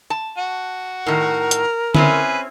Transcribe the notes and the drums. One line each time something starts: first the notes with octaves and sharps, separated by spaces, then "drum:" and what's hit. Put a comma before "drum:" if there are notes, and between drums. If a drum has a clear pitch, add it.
A5
F#4
A2 D#3 A#4
drum: hi-hat
C4 C#4 E4 G#4 B4, drum: tom D3